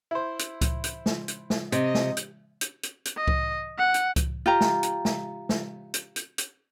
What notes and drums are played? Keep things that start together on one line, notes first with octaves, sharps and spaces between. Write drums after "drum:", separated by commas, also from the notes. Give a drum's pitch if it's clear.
E4 C5
drum: hi-hat
drum: kick C#2, hi-hat
drum: hi-hat
drum: snare
drum: hi-hat
drum: snare
C3 D#5, drum: hi-hat
drum: snare
drum: hi-hat
drum: hi-hat
drum: hi-hat
drum: hi-hat
D#5
drum: kick C#2
F#5
drum: hi-hat
drum: kick C#2, hi-hat
F4 G4 A#5
drum: snare
drum: hi-hat
drum: snare
drum: snare
drum: hi-hat
drum: hi-hat
drum: hi-hat